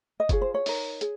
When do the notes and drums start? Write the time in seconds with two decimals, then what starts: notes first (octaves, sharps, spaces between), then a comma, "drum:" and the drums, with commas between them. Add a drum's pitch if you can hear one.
0.20 D#5
0.29 F4 G#4 C#5, drum: kick F#1, hi-hat
0.41 C5
0.54 C#5
0.66 D#4 A#4, drum: open hi-hat
1.01 G#4, drum: hi-hat